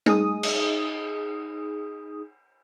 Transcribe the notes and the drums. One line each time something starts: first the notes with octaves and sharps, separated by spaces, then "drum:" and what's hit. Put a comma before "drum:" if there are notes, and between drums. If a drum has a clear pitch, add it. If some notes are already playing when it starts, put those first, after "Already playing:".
D#4 G#4 D#6, drum: tom G3
drum: cymbal